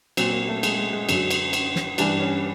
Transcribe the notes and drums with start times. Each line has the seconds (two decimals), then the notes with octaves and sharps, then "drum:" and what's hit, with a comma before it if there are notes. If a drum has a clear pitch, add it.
0.17 A#2 F#3 C4, drum: cymbal
0.33 A#3
0.49 A3
0.63 G#3, drum: cymbal
0.78 G#3
0.93 G#3
1.09 F#2 D3 F#3, drum: cymbal
1.31 drum: cymbal
1.53 drum: cymbal
1.76 drum: snare
1.98 G2 E3 G3 D4, drum: cymbal
2.20 C#4